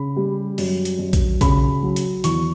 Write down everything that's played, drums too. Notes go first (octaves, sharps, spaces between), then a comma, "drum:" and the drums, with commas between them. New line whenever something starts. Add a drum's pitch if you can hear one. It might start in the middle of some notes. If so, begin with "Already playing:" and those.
Already playing: C#3 B5
G3
F#2, drum: open hi-hat
drum: hi-hat
F#2
drum: kick, hi-hat
C#3 B5, drum: kick, hi-hat
F#3
drum: hi-hat
E2 C#6, drum: hi-hat